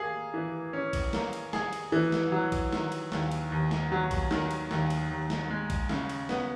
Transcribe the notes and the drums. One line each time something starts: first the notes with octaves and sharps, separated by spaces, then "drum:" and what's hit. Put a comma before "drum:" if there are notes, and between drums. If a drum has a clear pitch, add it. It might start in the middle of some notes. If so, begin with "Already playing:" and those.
Already playing: A#3 G#4
E3
C#4
drum: kick A#1, cymbal
A#3, drum: snare
drum: cymbal
G#4, drum: snare
drum: cymbal
E3
drum: snare
F#3
drum: kick A#1, cymbal
D#3, drum: snare
drum: cymbal
D#2, drum: snare
drum: cymbal
D#2
drum: snare
F#3
drum: kick A#1, cymbal
D#3, drum: snare
drum: cymbal
D#2, drum: snare
drum: cymbal
D#2
drum: snare
G#3
drum: kick A#1, cymbal
C#3, drum: snare
drum: cymbal
B3, drum: snare